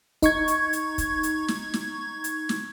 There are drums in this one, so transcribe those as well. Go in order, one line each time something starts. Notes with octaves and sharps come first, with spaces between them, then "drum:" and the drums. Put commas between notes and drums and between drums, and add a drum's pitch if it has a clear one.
D#4 C#6 G#6, drum: kick, hi-hat
drum: hi-hat
drum: hi-hat
drum: kick, hi-hat
drum: hi-hat
drum: snare
drum: snare
drum: hi-hat
drum: snare